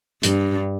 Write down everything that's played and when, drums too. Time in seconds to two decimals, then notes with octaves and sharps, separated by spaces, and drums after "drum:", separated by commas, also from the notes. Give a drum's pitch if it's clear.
0.23 G2, drum: hi-hat